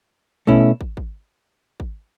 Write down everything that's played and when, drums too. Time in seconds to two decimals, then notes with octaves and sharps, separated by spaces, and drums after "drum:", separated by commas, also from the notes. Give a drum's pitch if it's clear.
0.47 B2 A3 C#4 E4, drum: kick
0.81 drum: kick
0.97 drum: kick
1.80 drum: kick